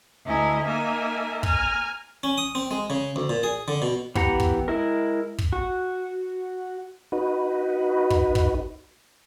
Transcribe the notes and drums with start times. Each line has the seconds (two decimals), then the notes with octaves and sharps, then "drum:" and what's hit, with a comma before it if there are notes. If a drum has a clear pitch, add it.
0.25 D2 E4 D#5 G#5 A#5
0.66 A#3 D#4 A#4 E5 G#5
1.43 G#5 A#5 F6, drum: kick
2.23 C#4
2.38 D#6
2.55 C4
2.71 G#3
2.90 C#3
3.16 D2
3.30 A#2
3.43 G#4
3.68 D3
3.82 B2
4.15 E3 B3 G4 F#5 A#5, drum: kick
4.40 drum: kick
4.68 G#3 E4 A#4
5.38 drum: kick
5.53 F#4
7.12 D#4 F#4 B4
8.10 drum: kick
8.35 drum: kick